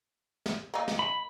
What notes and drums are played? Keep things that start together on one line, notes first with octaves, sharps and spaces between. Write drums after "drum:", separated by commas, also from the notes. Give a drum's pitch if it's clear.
drum: snare
A#3 D#4
drum: snare
B5